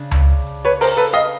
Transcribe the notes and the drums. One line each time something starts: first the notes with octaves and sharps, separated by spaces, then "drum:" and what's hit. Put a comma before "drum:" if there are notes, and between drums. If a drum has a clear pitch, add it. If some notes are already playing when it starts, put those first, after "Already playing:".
Already playing: C#3 D4
drum: tom C#2
B4 C#5
A#4 C5, drum: open hi-hat
A4 B4
D#5 F5